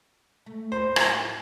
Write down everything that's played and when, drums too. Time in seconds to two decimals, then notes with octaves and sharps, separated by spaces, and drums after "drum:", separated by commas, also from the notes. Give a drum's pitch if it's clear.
0.46 A3
0.72 A2 C5
0.96 drum: rim click